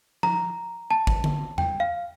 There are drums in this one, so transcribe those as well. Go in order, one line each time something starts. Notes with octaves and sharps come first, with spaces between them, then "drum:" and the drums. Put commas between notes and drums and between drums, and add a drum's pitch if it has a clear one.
A#5, drum: tom F3
A5
drum: kick
drum: tom D3
G5, drum: tom E2
F5